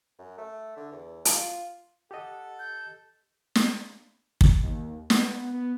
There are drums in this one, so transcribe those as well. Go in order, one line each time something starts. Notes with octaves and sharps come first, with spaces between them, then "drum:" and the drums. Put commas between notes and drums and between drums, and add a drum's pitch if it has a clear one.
F#2
A3
D3
E2
F4, drum: hi-hat
G4 A4 D#5 F#5
G6
drum: snare
drum: kick
D#2
B3, drum: snare
B3